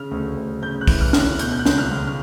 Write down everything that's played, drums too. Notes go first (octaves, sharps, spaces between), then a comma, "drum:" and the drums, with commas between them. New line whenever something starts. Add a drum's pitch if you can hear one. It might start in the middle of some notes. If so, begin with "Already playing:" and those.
Already playing: C#3 F6
D2
D2
C#3 G6
F#6
E3, drum: kick, open hi-hat
F6
D2 F6, drum: snare
F#6
B2 G6, drum: hi-hat
G6
F#6
C#2, drum: snare
F6
C#2
F6